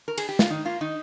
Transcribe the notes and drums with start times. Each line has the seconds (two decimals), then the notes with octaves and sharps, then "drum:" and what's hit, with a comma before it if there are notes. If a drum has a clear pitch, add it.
0.08 A#4
0.18 G#4, drum: cymbal
0.29 G4
0.39 F4, drum: snare
0.50 D#3 D#4
0.65 A#3 F4
0.81 D#3 D#4